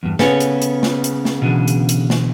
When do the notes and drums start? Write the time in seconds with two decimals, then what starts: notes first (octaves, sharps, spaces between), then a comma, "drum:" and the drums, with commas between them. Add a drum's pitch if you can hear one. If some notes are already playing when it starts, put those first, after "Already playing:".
0.03 E2 G2
0.19 C#3 B3 A4 C#5, drum: snare
0.40 drum: hi-hat
0.62 drum: hi-hat
0.83 drum: snare
1.04 drum: hi-hat
1.25 drum: snare
1.42 B2 D3 E3
1.68 drum: hi-hat
1.89 drum: hi-hat
2.10 drum: snare